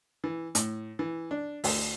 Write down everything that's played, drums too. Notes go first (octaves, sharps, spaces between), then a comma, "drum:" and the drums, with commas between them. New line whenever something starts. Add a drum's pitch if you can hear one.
E3
A2, drum: hi-hat
E3
D4
D2, drum: open hi-hat